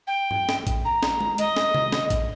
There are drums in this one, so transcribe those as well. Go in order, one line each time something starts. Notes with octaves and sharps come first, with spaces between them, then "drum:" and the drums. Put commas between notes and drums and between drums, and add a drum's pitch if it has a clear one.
G5
drum: tom G2
drum: snare
drum: kick A1, hi-hat
A#5
drum: snare
drum: tom G#3
D#5, drum: hi-hat
drum: snare
drum: tom
drum: snare
drum: kick A1, hi-hat